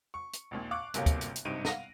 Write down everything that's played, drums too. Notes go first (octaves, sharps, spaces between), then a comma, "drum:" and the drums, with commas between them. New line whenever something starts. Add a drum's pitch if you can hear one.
C#6
drum: hi-hat
A#1 D#2 A#2
F5 C#6 D6 F#6
G1 F#2 C3 A#3 C#5 F5, drum: hi-hat
drum: kick, hi-hat
drum: hi-hat
drum: hi-hat
G#1 G2 C3 D#4 D7 D#7
F5 F#5 A#6 D#7, drum: snare